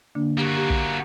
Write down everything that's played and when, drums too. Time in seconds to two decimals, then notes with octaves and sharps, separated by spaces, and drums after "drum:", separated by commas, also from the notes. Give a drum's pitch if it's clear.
0.15 D3 A#3 D4
0.38 A#3 F#4 G4
0.57 G4
0.70 drum: kick